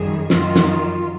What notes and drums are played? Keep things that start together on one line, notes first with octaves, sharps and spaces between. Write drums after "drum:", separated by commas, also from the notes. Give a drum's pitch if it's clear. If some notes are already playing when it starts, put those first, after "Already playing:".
Already playing: F#2 D#3 G3 G#4
F#2 D#3 F#3 F4, drum: snare
drum: snare
F4